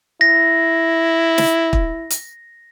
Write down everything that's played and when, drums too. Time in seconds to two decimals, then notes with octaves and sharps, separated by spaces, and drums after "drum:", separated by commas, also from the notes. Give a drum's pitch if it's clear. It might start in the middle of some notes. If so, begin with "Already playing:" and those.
0.21 E4 A#6
1.38 drum: snare
1.73 drum: kick
2.10 drum: hi-hat